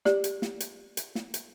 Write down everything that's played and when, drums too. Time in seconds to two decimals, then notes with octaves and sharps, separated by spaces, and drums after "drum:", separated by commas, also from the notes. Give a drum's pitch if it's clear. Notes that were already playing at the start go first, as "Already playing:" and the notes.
0.05 G4 D5, drum: snare
0.24 drum: hi-hat
0.42 drum: snare
0.60 drum: hi-hat
0.97 drum: hi-hat
1.15 drum: snare
1.34 drum: hi-hat